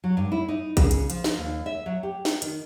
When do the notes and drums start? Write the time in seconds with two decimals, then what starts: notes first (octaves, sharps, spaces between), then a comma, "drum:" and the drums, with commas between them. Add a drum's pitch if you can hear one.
0.04 F#3
0.17 G2
0.32 E4
0.48 D#4
0.77 C#3, drum: kick A#1, hi-hat
0.91 drum: hi-hat
1.10 F3, drum: hi-hat
1.24 drum: snare
1.37 D#2
1.66 E5
1.86 F#3
2.03 G4
2.25 drum: snare
2.42 D#3, drum: hi-hat